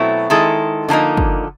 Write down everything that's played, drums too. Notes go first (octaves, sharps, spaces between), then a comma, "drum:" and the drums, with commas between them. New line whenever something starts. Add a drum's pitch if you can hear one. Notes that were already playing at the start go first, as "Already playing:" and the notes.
Already playing: B2 F#3 A3 C4 E4
D#3 G#3 C4 E4 A4
D3 F3 A#3 D#4
drum: kick